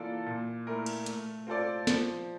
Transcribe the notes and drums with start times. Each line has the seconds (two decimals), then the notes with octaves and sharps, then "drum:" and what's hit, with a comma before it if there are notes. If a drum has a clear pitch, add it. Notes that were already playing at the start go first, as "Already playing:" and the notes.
Already playing: E3 A#3 F4 A4 D5
0.26 A#2
0.67 A3 E4 A#4
0.86 drum: cymbal
1.06 A3, drum: hi-hat
1.47 C4 F4 A4 D5
1.87 F3, drum: snare